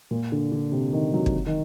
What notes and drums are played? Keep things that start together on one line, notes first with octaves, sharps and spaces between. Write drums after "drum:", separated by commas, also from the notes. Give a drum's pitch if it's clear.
A#2
D3
D3
C3
D#3
F#3
drum: kick
D#3